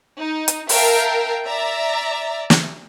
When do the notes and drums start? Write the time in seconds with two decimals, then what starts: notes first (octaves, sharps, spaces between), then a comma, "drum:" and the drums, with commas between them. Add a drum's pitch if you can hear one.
0.20 D#4
0.48 drum: hi-hat
0.69 A#4 E5 F5 G5 A5, drum: open hi-hat
1.45 D5 E5 A#5
2.50 drum: snare